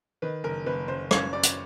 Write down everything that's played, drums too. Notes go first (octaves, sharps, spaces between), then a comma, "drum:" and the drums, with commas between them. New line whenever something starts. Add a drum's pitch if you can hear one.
D#3 B4
F#1 A#4
F#1 B4
F#1 C5
F#2 C#5, drum: rim click
F#2 D5
drum: hi-hat